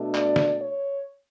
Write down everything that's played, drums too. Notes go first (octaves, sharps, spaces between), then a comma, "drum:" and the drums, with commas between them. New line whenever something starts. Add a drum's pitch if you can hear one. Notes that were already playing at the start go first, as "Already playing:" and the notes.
Already playing: B2 A3 D4
D5, drum: clap
drum: snare
C#5